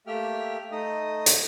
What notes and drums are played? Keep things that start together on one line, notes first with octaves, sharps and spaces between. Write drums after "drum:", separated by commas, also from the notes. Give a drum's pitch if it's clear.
A3 A#3 G4 E5 G5 F6
A3 D#4 D#5 D#6
drum: hi-hat